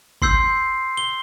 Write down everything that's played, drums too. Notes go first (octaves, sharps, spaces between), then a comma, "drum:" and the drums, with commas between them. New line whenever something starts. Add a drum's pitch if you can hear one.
C6 E6 G6 C7, drum: kick
G7